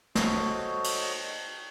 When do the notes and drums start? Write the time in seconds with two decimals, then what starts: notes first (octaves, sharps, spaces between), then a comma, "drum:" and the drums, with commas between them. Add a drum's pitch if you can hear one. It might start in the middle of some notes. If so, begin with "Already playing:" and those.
0.15 F#4 A4 C5 C#5 D#5, drum: snare
0.84 drum: cymbal